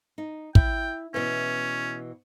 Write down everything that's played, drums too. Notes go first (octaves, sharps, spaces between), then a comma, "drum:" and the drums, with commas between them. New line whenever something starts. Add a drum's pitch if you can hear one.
D#4
E4 G5, drum: kick
B2 E3 C#4